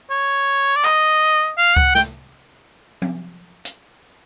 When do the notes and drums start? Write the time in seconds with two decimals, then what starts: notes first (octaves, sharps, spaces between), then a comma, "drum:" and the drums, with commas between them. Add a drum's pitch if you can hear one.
0.10 C#5
0.76 D5
0.84 D#5, drum: clap
1.58 F5
1.77 F#5, drum: kick C#2
1.95 G5, drum: snare
3.02 drum: tom F3
3.65 drum: hi-hat